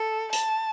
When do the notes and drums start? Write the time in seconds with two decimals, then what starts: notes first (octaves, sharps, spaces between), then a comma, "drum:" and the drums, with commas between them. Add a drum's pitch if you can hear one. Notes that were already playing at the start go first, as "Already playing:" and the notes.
Already playing: A4
0.33 A5, drum: hi-hat